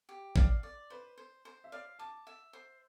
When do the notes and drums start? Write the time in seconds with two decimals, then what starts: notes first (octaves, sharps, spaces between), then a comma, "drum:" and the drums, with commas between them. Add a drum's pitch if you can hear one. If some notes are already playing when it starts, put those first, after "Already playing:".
0.09 G4
0.36 D5 F5, drum: kick A1
0.63 D5
0.90 B4 C5
1.18 C5
1.45 C5
1.64 E5
1.72 D5 F5
1.99 A5 D6
2.27 E5
2.53 C5